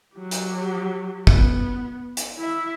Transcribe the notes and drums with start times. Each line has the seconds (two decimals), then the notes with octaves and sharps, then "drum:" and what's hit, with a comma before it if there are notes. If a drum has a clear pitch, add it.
0.15 F#3 G4
0.31 drum: hi-hat
1.27 B3, drum: kick
2.17 drum: hi-hat
2.39 E4 E5